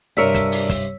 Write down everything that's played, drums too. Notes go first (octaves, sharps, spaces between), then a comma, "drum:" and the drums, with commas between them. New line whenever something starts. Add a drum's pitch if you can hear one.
G2 C3 D4 A#4 C#5 E6 B6
drum: kick, hi-hat
drum: open hi-hat
drum: kick, hi-hat